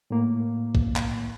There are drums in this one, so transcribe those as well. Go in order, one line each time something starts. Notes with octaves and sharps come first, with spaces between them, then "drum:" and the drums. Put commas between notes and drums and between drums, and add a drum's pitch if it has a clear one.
A2 A#3
drum: kick A#1
drum: clap